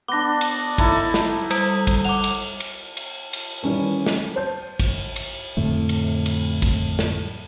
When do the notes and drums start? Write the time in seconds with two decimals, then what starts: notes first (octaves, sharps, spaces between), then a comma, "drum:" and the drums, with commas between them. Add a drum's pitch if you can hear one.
0.08 B3 D4 D6 A#6
0.41 drum: cymbal
0.78 D#4 E4 A4, drum: kick A1, cymbal
1.14 drum: snare
1.51 G3, drum: cymbal
1.87 drum: kick A1, cymbal
2.05 F#5 D6 F7
2.24 drum: cymbal
2.60 drum: cymbal
2.97 drum: cymbal
3.33 drum: cymbal
3.63 D#3 E3 G3 C#4 A#4
4.06 drum: snare
4.36 C5 A5 G6
4.80 drum: kick A1, cymbal
5.16 drum: cymbal
5.57 F2 A2 D3 A3
5.89 drum: cymbal
6.26 drum: cymbal
6.62 drum: kick A1, cymbal
6.99 drum: snare